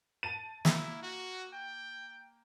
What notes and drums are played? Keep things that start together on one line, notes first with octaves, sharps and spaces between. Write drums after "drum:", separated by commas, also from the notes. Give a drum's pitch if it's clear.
A5 A6 D#7
A#3 E4, drum: snare
F#4
G5